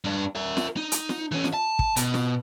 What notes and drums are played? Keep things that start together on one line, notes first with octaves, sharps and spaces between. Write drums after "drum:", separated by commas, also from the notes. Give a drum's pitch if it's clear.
G2 D4
A#4 E5
drum: snare
D#4
drum: hi-hat
drum: snare
E3 C#4
drum: snare
A5
drum: kick
B2, drum: hi-hat
drum: snare